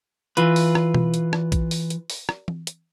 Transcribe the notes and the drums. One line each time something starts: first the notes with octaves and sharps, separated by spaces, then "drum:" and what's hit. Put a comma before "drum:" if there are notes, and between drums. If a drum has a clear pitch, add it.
E3 F4 B4, drum: hi-hat
drum: open hi-hat
drum: rim click
drum: tom B2
drum: hi-hat
drum: rim click
drum: kick, hi-hat
drum: open hi-hat
drum: hi-hat
drum: open hi-hat
drum: rim click
drum: tom E3
drum: hi-hat